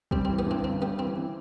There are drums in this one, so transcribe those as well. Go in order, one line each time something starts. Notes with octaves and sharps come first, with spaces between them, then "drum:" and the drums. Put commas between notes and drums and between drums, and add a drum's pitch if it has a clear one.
G3 C4, drum: kick
E3 C4
B3
G2 C4
G1 C4
G3 B3
E3 C4
C4